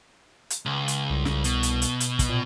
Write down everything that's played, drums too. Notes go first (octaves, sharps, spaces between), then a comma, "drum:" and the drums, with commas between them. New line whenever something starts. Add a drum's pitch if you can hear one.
drum: hi-hat
C#2
drum: hi-hat
C2
drum: snare
B2, drum: hi-hat
drum: hi-hat
drum: hi-hat
drum: hi-hat
drum: kick, hi-hat
A#2